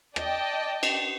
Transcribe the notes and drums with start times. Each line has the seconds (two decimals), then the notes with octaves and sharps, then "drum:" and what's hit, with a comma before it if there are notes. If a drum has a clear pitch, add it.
0.16 D5 D#5 G5 A5, drum: rim click
0.83 drum: cymbal